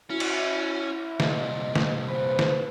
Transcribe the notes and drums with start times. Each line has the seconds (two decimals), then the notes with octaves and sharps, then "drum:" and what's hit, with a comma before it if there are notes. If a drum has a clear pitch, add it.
0.10 C#4 E4 F#4
0.20 drum: cymbal
1.20 C2 A#2 D#5, drum: snare
1.75 drum: snare
2.08 B4 C5
2.39 drum: snare